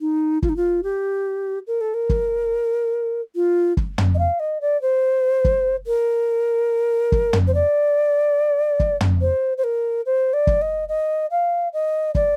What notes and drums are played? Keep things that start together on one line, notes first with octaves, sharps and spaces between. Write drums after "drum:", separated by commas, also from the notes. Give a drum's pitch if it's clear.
D#4
F4, drum: kick
D#4
F4
G4
A#4
A4
A#4
drum: kick
F4
drum: kick
drum: tom
D#5
F5
D#5
D5
C5
drum: kick
A#4
drum: kick
drum: tom
C5
D5
drum: kick
drum: tom
C5
C5
A#4
C5
D5
drum: kick
D#5
D#5
F5
D#5
D5, drum: kick